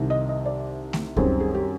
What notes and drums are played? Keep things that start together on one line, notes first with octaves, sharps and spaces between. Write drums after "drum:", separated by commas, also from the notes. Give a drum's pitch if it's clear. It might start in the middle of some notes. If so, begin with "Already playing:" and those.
Already playing: C2 C3 D#3
D#5
D#5
D5
drum: snare A3
F#2 D#3 G3 C4 G#4, drum: kick C#2
G#4
G4